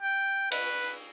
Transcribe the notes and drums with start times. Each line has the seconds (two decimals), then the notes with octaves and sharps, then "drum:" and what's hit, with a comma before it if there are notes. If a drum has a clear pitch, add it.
0.02 G5
0.51 B4, drum: cymbal